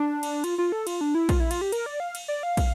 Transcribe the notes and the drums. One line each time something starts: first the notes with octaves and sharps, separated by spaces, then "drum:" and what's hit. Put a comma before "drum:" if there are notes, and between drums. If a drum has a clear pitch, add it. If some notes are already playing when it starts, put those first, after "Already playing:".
Already playing: D4
drum: cymbal
F4, drum: cymbal
F4
A4
F4, drum: cymbal
D4
E4
F4, drum: kick, cymbal
E4
F4, drum: cymbal
G4
A#4, drum: cymbal
D5
F5
drum: cymbal
D5
F5
drum: kick, cymbal